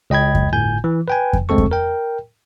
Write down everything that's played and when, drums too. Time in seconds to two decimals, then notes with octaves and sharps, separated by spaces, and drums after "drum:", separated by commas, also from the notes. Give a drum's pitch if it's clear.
0.10 C#2 D#5 G5 B5 G#6
0.35 drum: kick F2
0.53 G1 A2 G#5 G6
0.84 E3
1.08 B4 G5 G#5
1.33 drum: kick F2
1.49 D2 G#3 C4 A4 C#6
1.58 drum: kick F2
1.71 A#4 G5